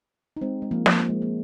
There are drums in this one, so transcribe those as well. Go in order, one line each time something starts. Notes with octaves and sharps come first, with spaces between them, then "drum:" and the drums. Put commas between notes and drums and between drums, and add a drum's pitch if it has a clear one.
D#4
G#3 C4
G#3
F3 A#3
F3 A#3, drum: snare
A#3
G#3
A#3